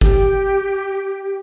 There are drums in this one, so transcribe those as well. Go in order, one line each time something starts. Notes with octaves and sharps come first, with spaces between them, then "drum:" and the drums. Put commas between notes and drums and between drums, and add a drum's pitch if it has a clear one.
G4, drum: kick G1